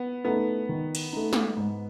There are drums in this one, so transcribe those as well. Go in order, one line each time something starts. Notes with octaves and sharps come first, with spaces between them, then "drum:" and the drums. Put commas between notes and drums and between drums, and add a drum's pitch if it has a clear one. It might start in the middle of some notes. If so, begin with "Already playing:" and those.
Already playing: B3
A3 B3 D#4
D#3
drum: cymbal
A3 D#4
drum: snare
G#2